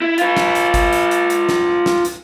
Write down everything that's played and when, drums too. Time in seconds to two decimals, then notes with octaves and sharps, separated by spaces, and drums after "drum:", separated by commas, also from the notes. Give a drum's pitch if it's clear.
0.02 E4
0.18 F4 B4, drum: hi-hat
0.37 drum: snare
0.55 drum: hi-hat
0.74 drum: kick, hi-hat
0.93 drum: hi-hat
1.11 drum: hi-hat
1.30 drum: hi-hat
1.49 drum: snare
1.86 drum: snare
2.05 drum: hi-hat